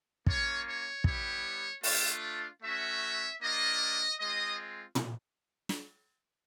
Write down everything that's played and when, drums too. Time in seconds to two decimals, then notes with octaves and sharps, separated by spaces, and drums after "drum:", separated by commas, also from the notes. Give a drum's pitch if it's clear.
0.26 A#3 C#4 F4 C#5, drum: kick
0.65 C#5
1.04 G3 B3 E4 G4 C#5, drum: kick
1.83 A3 D4 F4, drum: open hi-hat
2.63 A3 C#4 F#4 E5
3.41 A#3 D4 F4 D#5
4.20 G#3 C4 F4 D#5
4.95 drum: tom
5.69 drum: snare